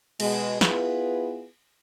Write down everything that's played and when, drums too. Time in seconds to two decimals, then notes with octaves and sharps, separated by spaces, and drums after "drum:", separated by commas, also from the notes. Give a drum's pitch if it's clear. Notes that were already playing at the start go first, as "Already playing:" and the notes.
0.20 B2 G#3, drum: cymbal
0.61 B3 E4 F4 G#4 B4, drum: snare